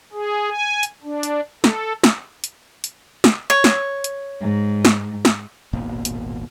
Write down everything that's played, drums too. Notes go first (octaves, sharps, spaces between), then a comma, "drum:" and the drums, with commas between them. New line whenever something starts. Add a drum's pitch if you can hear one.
G#4
G#5
drum: hi-hat
D4
drum: hi-hat
A4, drum: snare
drum: snare
drum: hi-hat
drum: hi-hat
drum: snare
C#5
drum: snare
drum: hi-hat
G#2
drum: snare
drum: snare
D#1 G#1 B2 A#3
drum: hi-hat